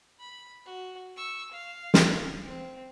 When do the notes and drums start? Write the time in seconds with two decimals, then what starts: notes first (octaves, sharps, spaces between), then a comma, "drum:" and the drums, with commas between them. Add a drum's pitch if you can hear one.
0.19 B5
0.66 F#4
1.16 C#6 E6
1.51 F5
1.94 drum: snare
2.44 C4